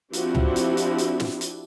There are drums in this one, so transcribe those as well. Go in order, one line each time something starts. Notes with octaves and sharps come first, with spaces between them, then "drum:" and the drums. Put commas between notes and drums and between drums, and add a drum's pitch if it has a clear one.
F3 C4 D4 E4 F#4 G4, drum: hi-hat
drum: tom C#2
drum: hi-hat
drum: hi-hat
drum: hi-hat
drum: snare
drum: hi-hat